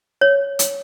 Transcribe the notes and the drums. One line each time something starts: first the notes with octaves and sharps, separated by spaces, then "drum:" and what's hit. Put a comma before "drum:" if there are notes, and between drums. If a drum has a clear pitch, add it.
C#5
drum: hi-hat